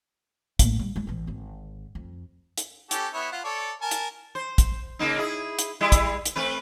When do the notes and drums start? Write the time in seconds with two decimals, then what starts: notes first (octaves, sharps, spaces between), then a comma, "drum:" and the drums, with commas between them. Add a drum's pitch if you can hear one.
0.59 A2 A#3, drum: kick, hi-hat
0.76 D3 G3
0.96 G#3 E4
1.07 A1 E3
1.27 G#1 D3
1.95 F2
2.58 drum: hi-hat
2.91 C#4 G4 A4, drum: hi-hat
3.14 B3 E4 C#5
3.32 F4 F#5
3.45 A4 C#5 D5
3.82 A#4 G#5 A5
3.91 drum: hi-hat
4.35 C5
4.58 drum: kick, hi-hat
4.99 C#3 A#3 D#4
5.18 E4 G#4
5.59 drum: hi-hat
5.81 G3 E4 G#4
5.92 drum: kick, hi-hat
6.25 drum: hi-hat
6.36 A3 C4 B4